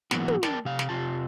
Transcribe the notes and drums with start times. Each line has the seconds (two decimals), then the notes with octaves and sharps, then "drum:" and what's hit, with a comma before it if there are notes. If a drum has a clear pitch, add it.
0.11 G#2 E3 F#3 A#3 B3 F#4, drum: snare
0.28 drum: tom
0.43 A#4 D5 G5 A5, drum: snare
0.65 C3 F5
0.79 drum: snare
0.89 C3 F4 A5